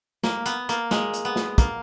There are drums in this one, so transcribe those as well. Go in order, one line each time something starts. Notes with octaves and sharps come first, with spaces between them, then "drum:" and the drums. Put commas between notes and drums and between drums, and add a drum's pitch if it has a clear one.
A#3, drum: snare
B3, drum: hi-hat
A#3, drum: hi-hat
G#3, drum: snare
drum: hi-hat
B3
drum: snare
A#3, drum: kick, hi-hat